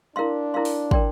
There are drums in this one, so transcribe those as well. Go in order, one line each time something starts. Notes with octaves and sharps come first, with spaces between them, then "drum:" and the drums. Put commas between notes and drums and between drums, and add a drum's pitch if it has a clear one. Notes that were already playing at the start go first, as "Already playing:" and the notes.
D4 E4 A#4 F5 C6
E4 A#4 F5 C6
drum: open hi-hat
A#4 D5 G5 C6, drum: kick